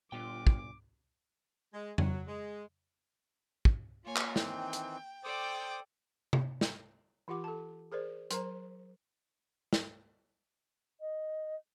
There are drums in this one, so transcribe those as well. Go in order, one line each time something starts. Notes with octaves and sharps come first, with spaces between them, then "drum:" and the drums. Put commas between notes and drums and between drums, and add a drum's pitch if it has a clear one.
G1 A#2 F4 G5 D6
drum: kick
G#3
F#3, drum: tom F2
G#3
drum: kick
A#3 F4 C#5 G#5
drum: clap
D#3 E3 C4 G5, drum: snare
drum: hi-hat
A4 C5 D5 G5 D6 D#6
drum: tom C3
drum: snare
E3 F4 G4 F#5 D6
A4 A5
G#4 A#4 C5 D5
F#3 A#4 C5 A#5, drum: hi-hat
drum: snare
D#5